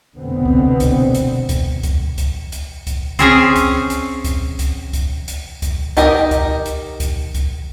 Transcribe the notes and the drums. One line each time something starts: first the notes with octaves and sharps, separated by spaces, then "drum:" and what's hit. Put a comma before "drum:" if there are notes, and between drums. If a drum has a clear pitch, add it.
F1 B2 D3 B3 C4
drum: kick C2
drum: kick C2, hi-hat
drum: hi-hat
drum: kick C2, hi-hat
drum: kick C2, hi-hat
drum: kick C2, hi-hat
drum: hi-hat
drum: kick C2, hi-hat
C4 C#4 G#4, drum: kick C2, hi-hat
drum: kick C2, hi-hat
drum: hi-hat
drum: kick C2, hi-hat
drum: kick C2, hi-hat
drum: kick C2, hi-hat
drum: hi-hat
drum: kick C2, hi-hat
D#4 G4 A#4 D#5, drum: kick C2, hi-hat
drum: kick C2, hi-hat
drum: hi-hat
drum: kick C2, hi-hat
drum: kick C2, hi-hat